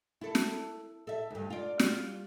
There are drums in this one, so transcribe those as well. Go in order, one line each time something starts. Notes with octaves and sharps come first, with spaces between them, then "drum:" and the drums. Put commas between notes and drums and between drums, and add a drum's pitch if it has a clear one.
E4 A4
drum: snare
A4 E5
D2 G2
F4 D5
G3 F4, drum: snare